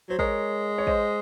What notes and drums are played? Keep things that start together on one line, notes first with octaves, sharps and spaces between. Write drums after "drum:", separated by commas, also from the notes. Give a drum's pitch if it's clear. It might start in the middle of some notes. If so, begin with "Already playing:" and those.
F#3 C5
G#3 A#4 C#5, drum: kick
C#5
C5 D#5, drum: kick